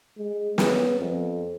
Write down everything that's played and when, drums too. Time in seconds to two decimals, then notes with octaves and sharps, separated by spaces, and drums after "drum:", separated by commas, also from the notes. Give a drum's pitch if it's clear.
0.18 G#3
0.58 B3, drum: snare
1.00 F2